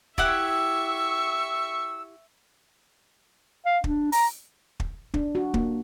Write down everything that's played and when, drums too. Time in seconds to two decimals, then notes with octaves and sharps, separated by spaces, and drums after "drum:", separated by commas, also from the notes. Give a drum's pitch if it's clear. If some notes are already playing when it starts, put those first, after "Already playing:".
0.18 E4 G4 E5 F#5 C#6 E6, drum: kick
3.66 F5
3.84 D4, drum: kick
4.12 A#5, drum: open hi-hat
4.80 drum: kick
5.14 D4, drum: kick
5.35 F#4
5.54 A#3, drum: kick